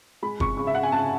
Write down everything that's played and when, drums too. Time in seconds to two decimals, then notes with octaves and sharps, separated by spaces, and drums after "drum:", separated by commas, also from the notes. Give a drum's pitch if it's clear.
0.23 G#3 B5
0.40 G#3 C#6, drum: kick
0.57 C#3 C#6
0.67 E5
0.75 C#3 F#5
0.83 G#5
0.92 C#3 A5